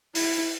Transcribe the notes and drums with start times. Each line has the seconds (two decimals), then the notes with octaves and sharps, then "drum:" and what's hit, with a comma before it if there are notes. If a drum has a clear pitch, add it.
0.15 E4, drum: open hi-hat